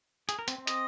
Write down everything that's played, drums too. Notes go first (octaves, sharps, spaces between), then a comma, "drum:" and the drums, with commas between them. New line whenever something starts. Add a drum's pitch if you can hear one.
G#4, drum: hi-hat
A#4
C4, drum: hi-hat
C4
D#5, drum: hi-hat